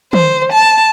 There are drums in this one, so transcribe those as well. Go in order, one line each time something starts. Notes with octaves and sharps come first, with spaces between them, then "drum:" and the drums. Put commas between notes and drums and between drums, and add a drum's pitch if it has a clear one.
C5, drum: tom
A5